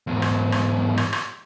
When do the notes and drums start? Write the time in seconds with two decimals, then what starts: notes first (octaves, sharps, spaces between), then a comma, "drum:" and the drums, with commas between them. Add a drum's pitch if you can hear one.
0.07 E2 G#2
0.22 drum: rim click
0.52 drum: rim click
0.97 drum: rim click
1.13 drum: rim click